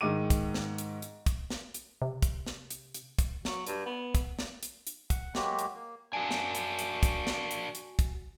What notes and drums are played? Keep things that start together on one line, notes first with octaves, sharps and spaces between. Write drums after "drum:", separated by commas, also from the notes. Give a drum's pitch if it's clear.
G#2 D#3 D6 D#7
drum: kick, hi-hat
drum: snare
drum: hi-hat
drum: hi-hat
drum: kick, hi-hat
drum: snare
drum: hi-hat
C3
drum: kick, hi-hat
drum: snare
drum: hi-hat
drum: hi-hat
drum: kick, hi-hat
F#3, drum: snare
G2, drum: hi-hat
B3
drum: kick, hi-hat
drum: snare
drum: hi-hat
drum: hi-hat
F#5, drum: kick, hi-hat
F#3 G#3 A#3 F#4 G4, drum: snare
drum: hi-hat
A#3
A#3 D4 F#4 G#5
drum: snare
drum: hi-hat
drum: hi-hat
drum: kick, hi-hat
drum: snare
drum: hi-hat
drum: hi-hat
drum: kick, hi-hat